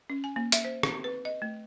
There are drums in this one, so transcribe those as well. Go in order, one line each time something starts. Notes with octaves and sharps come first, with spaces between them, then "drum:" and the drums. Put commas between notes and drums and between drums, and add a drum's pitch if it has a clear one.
C#4
G#5
A#3
E5, drum: hi-hat
C5
C4, drum: rim click
B4
D#5
A3